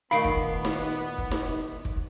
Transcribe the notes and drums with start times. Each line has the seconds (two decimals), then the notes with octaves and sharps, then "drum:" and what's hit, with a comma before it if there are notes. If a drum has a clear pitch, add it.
0.11 A#2 D#3 A3 B3 F5 B5 C7 D7
0.25 drum: kick
0.65 drum: snare D#4
1.18 drum: kick
1.31 drum: snare D#4
1.85 drum: kick